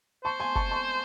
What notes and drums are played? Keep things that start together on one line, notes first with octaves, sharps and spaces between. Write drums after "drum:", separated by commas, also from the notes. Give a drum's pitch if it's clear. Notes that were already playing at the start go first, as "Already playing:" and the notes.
C5 A5 C#6
G#5 C6
A5 C#6, drum: kick
A5 C#6